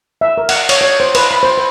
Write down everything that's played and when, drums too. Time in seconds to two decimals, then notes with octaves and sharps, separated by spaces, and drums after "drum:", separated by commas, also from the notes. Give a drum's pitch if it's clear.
0.21 E5
0.38 A#4
0.49 F#5, drum: cymbal
0.69 C#5, drum: cymbal
0.81 C#5
1.00 C5
1.15 B4, drum: cymbal
1.31 B5
1.43 C5
1.57 B4